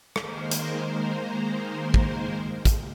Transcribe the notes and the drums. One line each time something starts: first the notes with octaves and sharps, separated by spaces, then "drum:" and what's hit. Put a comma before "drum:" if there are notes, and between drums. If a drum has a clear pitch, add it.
D#3 G#3 A#3 A#4 C5, drum: rim click
drum: hi-hat
drum: kick
drum: kick, hi-hat